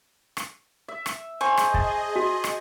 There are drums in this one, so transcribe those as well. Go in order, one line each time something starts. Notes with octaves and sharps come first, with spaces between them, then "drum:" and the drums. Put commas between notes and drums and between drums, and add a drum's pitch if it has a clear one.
drum: rim click
E5
drum: rim click
G#4 C5 D#5 G#5 C#6
drum: rim click
A5, drum: kick
F#4
drum: rim click